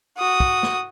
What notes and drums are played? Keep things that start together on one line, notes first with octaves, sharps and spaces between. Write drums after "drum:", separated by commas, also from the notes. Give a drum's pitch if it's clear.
F#4 D#6
drum: kick
drum: snare